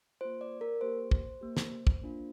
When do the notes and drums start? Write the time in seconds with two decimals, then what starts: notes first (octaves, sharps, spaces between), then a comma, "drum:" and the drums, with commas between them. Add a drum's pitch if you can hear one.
0.21 A#3 F4 C5
0.41 D5
0.61 A#4
0.81 A#3 G4 C5
1.11 drum: kick
1.41 A#3 G4
1.57 drum: snare
1.87 drum: kick
2.02 A#3 D4 F4